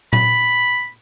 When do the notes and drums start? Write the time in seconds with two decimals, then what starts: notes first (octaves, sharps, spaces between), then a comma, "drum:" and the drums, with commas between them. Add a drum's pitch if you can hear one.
0.13 B5, drum: tom A#2